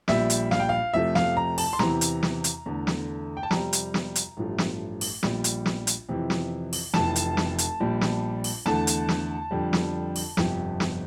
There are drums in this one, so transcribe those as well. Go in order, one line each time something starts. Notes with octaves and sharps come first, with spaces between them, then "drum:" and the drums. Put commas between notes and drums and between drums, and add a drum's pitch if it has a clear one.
A#1 A#2 G3 E5, drum: snare
drum: hi-hat
F5, drum: snare
G5
F5
F2 C3 F3 A3 E5
F5, drum: snare
A#5
A5, drum: open hi-hat
C6
E2 C3 E3 A#5, drum: snare
drum: hi-hat
drum: snare
drum: hi-hat
E2 D3 A3
drum: snare
G5
A5
F2 C3 G3 A#5, drum: snare
drum: hi-hat
drum: snare
drum: hi-hat
A1 G2 F3 A3
drum: snare
drum: open hi-hat
A#1 A#2 G3, drum: snare
drum: hi-hat
drum: snare
drum: hi-hat
F2 C3 E3
drum: snare
drum: open hi-hat
F1 F2 E3 A5, drum: snare
drum: hi-hat
drum: snare
drum: hi-hat
A#1 A#2 G3
drum: snare
drum: open hi-hat
E2 D3 A3 A5, drum: snare
drum: hi-hat
drum: snare
F2 D3 G3
drum: snare
drum: open hi-hat
G1 F2 C3 F3, drum: snare
drum: snare